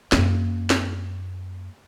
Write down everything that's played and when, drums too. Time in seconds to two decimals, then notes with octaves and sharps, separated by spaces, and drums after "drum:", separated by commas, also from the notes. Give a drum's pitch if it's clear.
0.12 F#2 A#3, drum: snare
0.70 drum: snare